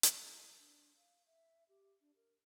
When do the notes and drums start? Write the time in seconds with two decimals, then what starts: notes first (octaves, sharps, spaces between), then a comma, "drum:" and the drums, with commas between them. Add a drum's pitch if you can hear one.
0.03 C#4, drum: hi-hat
0.22 E4
0.57 D4
0.96 F5
1.26 E5
1.69 G4
2.01 D4
2.16 A#4